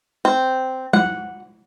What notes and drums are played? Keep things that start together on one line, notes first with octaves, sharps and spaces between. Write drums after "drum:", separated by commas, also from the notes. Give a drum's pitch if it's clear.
C4
F#5, drum: tom G3